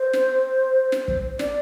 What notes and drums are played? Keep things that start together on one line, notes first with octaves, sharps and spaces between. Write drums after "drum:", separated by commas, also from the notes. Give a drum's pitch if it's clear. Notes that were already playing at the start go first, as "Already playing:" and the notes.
Already playing: C5
drum: snare
drum: snare
drum: kick
D5, drum: snare